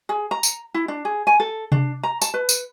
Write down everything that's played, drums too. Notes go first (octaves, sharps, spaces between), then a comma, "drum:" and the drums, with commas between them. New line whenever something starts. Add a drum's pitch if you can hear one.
G#4
A#5
drum: tambourine
E4
D4
G#4
G#5
A4
D4, drum: tom C3
A#5
A5, drum: tambourine
B4
drum: tambourine